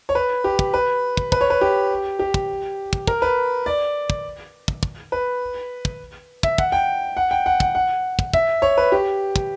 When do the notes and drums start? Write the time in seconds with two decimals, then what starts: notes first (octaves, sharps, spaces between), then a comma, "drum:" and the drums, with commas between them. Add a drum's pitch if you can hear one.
0.09 C#5
0.15 B4
0.44 G4
0.59 drum: kick
0.74 B4
1.17 drum: kick
1.32 B4, drum: kick
1.41 C#5
1.50 B4
1.61 G4
2.19 G4
2.34 drum: kick
2.93 drum: kick
3.07 A#4, drum: kick
3.22 B4
3.66 D5
4.10 drum: kick
4.68 drum: kick
4.83 drum: kick
5.12 B4
5.85 drum: kick
6.43 E5, drum: kick
6.58 F#5, drum: kick
6.72 G5
7.17 F#5
7.31 G5
7.46 F#5
7.60 F#5, drum: kick
7.75 F#5
8.19 drum: kick
8.34 E5, drum: kick
8.62 C#5
8.77 B4
8.92 G4
9.36 drum: kick